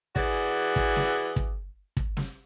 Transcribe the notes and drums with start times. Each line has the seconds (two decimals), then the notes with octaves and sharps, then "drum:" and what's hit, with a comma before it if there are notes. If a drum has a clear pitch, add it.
0.16 E3 F#4 G#4 D5, drum: kick
0.76 drum: kick
0.96 drum: snare
1.36 drum: kick
1.97 drum: kick
2.17 drum: snare